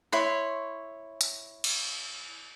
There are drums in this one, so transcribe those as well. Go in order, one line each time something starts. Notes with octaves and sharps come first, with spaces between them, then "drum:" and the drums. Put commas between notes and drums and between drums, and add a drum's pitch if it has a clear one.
E4 C#5 C6
drum: hi-hat
drum: cymbal